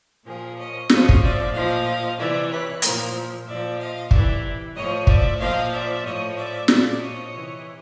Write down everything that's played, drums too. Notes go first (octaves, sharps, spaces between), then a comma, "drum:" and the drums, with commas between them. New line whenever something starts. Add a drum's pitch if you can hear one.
A#2 F3 G#4 A#4
C#5 D#5
A2 F3 C#5 D#5, drum: snare
drum: kick
D5 E5
A#2 F3 D#5 F5
C3 E3 D5 E5
B4 C#5
A#2 F3 A#4 C5, drum: hi-hat
A#2 F3 D5 E5
D#5 F5
C3 E3 D5 E5, drum: kick
A2 F3 C#5 D#5
D5 E5, drum: kick
A#2 F3 D#5 F5
D5 E5
A2 F3 C#5 D#5
D5 E5
A#2 F3 D5 E5, drum: snare
C#5 D#5
C3 E3